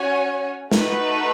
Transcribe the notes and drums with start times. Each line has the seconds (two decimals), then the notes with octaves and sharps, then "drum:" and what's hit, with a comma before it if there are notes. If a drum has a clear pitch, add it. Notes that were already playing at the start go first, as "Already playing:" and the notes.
Already playing: C#4 F#4 C#5 G#5
0.72 A3 D#4 F#4 B4, drum: snare